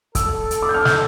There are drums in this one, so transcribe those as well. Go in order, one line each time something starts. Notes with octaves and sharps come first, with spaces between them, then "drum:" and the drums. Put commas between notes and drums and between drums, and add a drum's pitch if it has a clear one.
A4 E6, drum: kick, hi-hat
drum: hi-hat
D6
G6
F6
G6, drum: snare